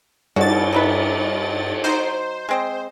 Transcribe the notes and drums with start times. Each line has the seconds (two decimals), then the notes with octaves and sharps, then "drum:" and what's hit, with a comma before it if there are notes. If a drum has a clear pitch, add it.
0.36 G2 F#4 A6, drum: cymbal
0.72 D#4 E4 B4
1.84 F#3 D#4 C5
2.49 G#3 C4 D#5